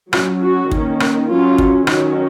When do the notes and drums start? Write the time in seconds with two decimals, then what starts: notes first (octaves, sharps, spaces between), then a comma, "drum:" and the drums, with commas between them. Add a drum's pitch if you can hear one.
0.13 F#3 C#4 F4, drum: rim click
0.42 F#4
0.71 D#3 A#3 C#4, drum: kick
1.00 drum: rim click
1.29 F#3 C#4 F4
1.58 drum: kick
1.87 D#3 F#3 C#4, drum: rim click